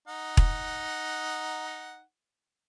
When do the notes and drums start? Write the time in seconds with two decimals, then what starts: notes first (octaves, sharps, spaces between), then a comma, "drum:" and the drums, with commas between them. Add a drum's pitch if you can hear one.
0.08 D#4 F#5
0.37 drum: kick E1